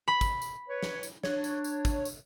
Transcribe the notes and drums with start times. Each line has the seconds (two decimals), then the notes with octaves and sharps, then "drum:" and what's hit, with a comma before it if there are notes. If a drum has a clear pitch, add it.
0.08 B5
0.21 drum: kick, tambourine
0.42 drum: tambourine
0.69 B4 C#5
0.83 drum: snare
1.03 drum: tambourine
1.23 D4 C#5, drum: snare
1.44 drum: tambourine
1.64 drum: tambourine
1.85 drum: kick, tambourine
2.05 drum: tambourine